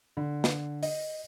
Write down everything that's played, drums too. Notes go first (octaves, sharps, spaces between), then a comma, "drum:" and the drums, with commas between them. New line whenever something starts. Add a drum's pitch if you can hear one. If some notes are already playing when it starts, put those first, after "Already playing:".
D3
drum: snare
D#5, drum: open hi-hat